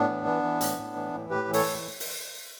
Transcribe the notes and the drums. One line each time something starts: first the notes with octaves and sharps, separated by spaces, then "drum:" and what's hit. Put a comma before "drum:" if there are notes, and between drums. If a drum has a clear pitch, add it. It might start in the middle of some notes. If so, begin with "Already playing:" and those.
Already playing: A2 B3 D4
E3
E3
E3
A2, drum: hi-hat
A2
E3
A2
A2 G4 B4
E3
A4 C#5, drum: open hi-hat
A2
drum: open hi-hat